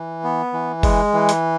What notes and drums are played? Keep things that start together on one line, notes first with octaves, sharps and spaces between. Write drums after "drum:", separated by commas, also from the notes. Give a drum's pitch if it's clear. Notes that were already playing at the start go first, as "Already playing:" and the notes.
Already playing: E3
B3
E3
G#3, drum: kick F#1, open hi-hat
E3
drum: hi-hat